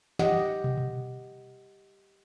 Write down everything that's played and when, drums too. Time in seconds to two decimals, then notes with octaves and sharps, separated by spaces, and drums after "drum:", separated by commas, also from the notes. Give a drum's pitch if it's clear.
0.19 G4 D#5 F#5, drum: snare
0.64 drum: tom
0.78 drum: tom B2